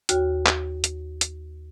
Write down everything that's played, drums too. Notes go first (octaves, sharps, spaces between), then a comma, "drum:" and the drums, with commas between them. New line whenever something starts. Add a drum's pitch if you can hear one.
D#2 F#4 C#5 G5 F6, drum: hi-hat
drum: clap
drum: hi-hat
drum: hi-hat